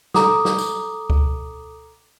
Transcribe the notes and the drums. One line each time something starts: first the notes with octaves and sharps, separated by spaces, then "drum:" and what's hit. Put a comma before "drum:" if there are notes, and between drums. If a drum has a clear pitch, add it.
A4 A#5 D6 D#6, drum: snare
drum: snare
drum: tambourine
drum: kick C#2